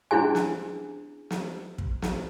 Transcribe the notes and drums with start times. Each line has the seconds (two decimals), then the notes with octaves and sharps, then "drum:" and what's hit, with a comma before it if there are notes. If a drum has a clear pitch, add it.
0.11 C#4 D4 E4 G#4 G#5
0.35 drum: snare
1.30 drum: snare
1.78 drum: kick
2.02 drum: snare